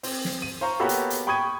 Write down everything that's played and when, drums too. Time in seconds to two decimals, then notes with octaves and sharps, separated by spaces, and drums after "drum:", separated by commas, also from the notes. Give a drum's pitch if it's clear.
0.03 C4, drum: open hi-hat
0.25 drum: snare
0.42 D#7
0.61 C5 F5 A#5 C#6
0.80 A#3 B3 C#4 F#4 G4 A4
0.89 drum: hi-hat
1.10 drum: hi-hat
1.27 G5 B5 C#6 D#6 G#6 D#7